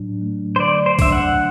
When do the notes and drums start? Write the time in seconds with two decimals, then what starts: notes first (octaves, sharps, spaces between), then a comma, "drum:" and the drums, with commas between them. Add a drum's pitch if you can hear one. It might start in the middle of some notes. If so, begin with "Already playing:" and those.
Already playing: A2 F#3 D4
0.22 A3
0.56 C5
0.60 D3 D5
0.86 C5
0.99 D4 E5, drum: kick A#1, open hi-hat
1.12 F#5